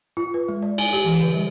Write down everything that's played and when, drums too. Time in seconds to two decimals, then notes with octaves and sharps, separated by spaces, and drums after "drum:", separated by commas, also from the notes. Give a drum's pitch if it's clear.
0.17 F4
0.34 B4
0.48 G#3
0.62 D5
0.78 G#5, drum: cymbal
0.93 G4
1.04 E3
1.21 D3
1.34 G3